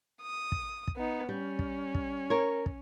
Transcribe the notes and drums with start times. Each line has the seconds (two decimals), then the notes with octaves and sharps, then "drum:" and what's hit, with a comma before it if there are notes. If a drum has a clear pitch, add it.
0.22 D#6
0.52 drum: kick
0.88 drum: kick
0.97 B3 D#4
1.29 G3 C#4
1.59 drum: kick
1.95 drum: kick
2.30 A#4 C#5
2.66 drum: kick